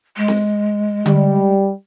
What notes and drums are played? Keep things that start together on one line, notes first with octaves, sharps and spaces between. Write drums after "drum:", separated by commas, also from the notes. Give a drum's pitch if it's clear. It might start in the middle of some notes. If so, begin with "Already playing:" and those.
G#3
drum: snare
G3, drum: tom D3